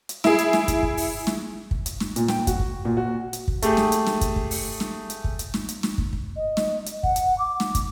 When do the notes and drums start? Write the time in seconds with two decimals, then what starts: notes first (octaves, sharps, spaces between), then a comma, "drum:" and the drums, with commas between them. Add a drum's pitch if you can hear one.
0.09 drum: hi-hat
0.24 E4 G#4, drum: snare
0.38 drum: hi-hat
0.53 drum: snare
0.68 drum: kick, hi-hat
0.83 drum: kick
0.97 drum: open hi-hat
1.27 drum: snare
1.71 drum: kick
1.86 drum: hi-hat
2.00 drum: snare
2.16 A#2, drum: hi-hat
2.28 G5, drum: snare
2.47 F#4, drum: kick, hi-hat
2.59 drum: kick
2.85 A#2
2.97 F#4
3.33 drum: hi-hat
3.48 drum: kick
3.62 A3 G4 G#4, drum: hi-hat
3.77 drum: snare
3.92 drum: hi-hat
4.07 drum: snare
4.21 drum: kick, hi-hat
4.36 drum: kick
4.51 drum: open hi-hat
4.80 drum: snare
5.10 drum: hi-hat
5.24 drum: kick
5.39 drum: hi-hat
5.54 drum: snare
5.69 drum: hi-hat
5.83 drum: snare
5.98 drum: kick
6.13 drum: kick
6.36 D#5
6.57 drum: snare
6.86 drum: hi-hat
7.03 F#5, drum: kick
7.16 drum: hi-hat
7.39 D6
7.60 drum: snare
7.75 drum: kick, hi-hat